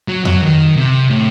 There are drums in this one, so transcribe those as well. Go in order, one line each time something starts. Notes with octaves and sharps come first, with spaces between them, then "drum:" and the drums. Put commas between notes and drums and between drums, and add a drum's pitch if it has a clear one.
F#3
F#3, drum: tom F2
D#3
C3
A2